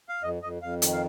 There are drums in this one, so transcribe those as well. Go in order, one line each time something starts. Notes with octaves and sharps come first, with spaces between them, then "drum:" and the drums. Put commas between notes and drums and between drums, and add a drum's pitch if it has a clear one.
F5
F2 D#5
F2 D#5
F2 F5
D#3, drum: hi-hat
F5